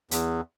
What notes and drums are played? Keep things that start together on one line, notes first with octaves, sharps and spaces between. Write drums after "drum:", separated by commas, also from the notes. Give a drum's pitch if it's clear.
E2, drum: hi-hat